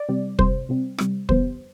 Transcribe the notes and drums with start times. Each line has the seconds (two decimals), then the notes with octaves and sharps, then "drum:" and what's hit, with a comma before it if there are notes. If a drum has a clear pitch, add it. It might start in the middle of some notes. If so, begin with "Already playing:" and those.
Already playing: D5
0.09 C3 G3 C4
0.39 C3 G3 C4 C5, drum: kick
0.69 C3 G3 C4
0.98 C3 G3 C4, drum: rim click
1.29 F2 D3 G3 B3 C5, drum: kick